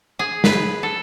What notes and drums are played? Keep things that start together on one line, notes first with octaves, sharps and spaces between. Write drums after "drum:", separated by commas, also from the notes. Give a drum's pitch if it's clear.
G#4
B4, drum: snare
A4